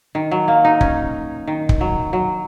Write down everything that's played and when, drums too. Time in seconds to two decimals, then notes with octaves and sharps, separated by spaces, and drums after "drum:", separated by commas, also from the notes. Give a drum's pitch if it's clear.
0.15 D#3
0.31 F#3
0.48 A#3
0.65 D#4
0.81 C#4, drum: kick
1.48 D#3
1.69 drum: kick
1.81 F#3
2.13 F#3